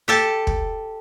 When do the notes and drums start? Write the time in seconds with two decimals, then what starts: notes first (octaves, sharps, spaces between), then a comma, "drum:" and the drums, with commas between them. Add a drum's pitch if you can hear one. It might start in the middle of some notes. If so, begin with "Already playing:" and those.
0.08 G4 A4 A5
0.47 drum: kick